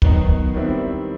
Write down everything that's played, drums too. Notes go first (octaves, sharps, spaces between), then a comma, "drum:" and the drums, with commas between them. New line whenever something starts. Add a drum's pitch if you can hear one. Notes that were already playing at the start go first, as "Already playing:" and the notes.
D#3 F#3 B3 D#4, drum: kick
D#3 G3 C4 E4